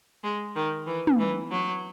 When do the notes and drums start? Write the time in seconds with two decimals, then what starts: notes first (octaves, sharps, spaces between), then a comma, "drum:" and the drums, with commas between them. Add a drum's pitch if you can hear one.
0.24 G#3
0.56 D#3
0.87 E3
1.07 drum: tom
1.19 E3
1.51 F#3